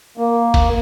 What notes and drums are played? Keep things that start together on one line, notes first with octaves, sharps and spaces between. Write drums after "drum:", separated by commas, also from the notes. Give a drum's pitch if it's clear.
A#3
drum: kick, cymbal